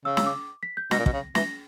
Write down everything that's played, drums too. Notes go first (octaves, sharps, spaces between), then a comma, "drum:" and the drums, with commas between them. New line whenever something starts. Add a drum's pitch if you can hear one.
C#3 E6
E6, drum: snare
D6
B6
G6
B2 A#6, drum: snare
A#2
B2, drum: kick
C#3
E3 A#6, drum: snare